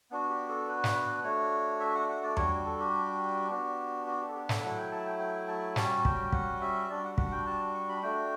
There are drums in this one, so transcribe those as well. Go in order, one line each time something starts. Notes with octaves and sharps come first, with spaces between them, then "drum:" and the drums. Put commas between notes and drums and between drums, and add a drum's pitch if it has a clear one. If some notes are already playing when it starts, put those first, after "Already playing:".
B3 D4 F#4
G4
A4
B4
drum: snare
A3 D4 F#4 C#5
E5
F#5
F#5
D5
G3 D4 F#4 C#5, drum: tom E2
A4
G4
B3 D4 F#4
F#4
G4
A4
G4
A4, drum: snare
F#3 A3 E4 F#5
G5
A5
G5
G5
A5
G3 C#4 F#4 A5, drum: snare
G5, drum: kick
F#5, drum: kick
E5
G3 D4 F#4 D5
F#5
F#5, drum: kick
G5
A5
C#6
B5
A3 D4 F#4 G5